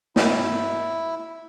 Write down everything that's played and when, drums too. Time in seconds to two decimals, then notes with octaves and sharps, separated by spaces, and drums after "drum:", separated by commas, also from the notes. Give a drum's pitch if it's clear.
0.16 E4, drum: snare